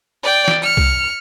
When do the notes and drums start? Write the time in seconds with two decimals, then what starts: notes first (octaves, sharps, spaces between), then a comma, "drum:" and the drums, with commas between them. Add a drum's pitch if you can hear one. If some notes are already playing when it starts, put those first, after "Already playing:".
0.23 D5 G5
0.48 drum: snare
0.62 F6 C#7
0.77 drum: kick C2